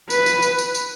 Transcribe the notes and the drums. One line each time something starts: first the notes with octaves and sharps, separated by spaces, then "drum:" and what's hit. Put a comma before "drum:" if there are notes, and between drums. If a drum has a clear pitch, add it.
B4, drum: tambourine
drum: tambourine
drum: tambourine
drum: tambourine
drum: tambourine